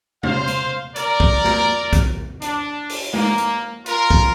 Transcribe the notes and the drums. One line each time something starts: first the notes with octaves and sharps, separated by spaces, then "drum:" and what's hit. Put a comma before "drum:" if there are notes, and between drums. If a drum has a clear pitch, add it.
C5 F5, drum: tom
drum: hi-hat
A#4 D5, drum: hi-hat
drum: kick A#1
drum: snare
drum: kick A#1, hi-hat
D4, drum: hi-hat
drum: open hi-hat
A#3, drum: tom G#3
drum: hi-hat
F4 A#4, drum: hi-hat
drum: kick A#1